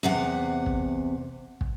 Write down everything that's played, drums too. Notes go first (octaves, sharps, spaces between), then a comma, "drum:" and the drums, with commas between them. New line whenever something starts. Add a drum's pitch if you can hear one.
E2 C3 F#5
drum: kick
drum: kick